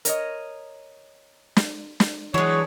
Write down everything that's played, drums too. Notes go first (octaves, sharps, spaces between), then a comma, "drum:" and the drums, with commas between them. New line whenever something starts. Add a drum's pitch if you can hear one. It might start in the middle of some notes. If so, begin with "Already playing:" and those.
A#4 C#5 D#5, drum: hi-hat
drum: snare
drum: snare
E3 F#3 G#3 D4 C#5